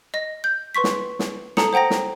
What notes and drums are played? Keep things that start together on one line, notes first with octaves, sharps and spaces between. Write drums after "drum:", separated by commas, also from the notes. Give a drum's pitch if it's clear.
D#5 A#6
G6
B4 C6 C#6 B6
drum: snare
drum: snare
A4 A5 A#5 D#6 C#7, drum: snare
C5 F#5 G5 A#5 A#6
drum: snare